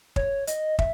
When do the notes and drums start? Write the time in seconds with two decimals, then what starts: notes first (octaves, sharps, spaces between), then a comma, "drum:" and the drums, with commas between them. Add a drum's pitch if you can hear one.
0.16 C#5, drum: kick
0.47 D#5, drum: hi-hat
0.79 E5, drum: kick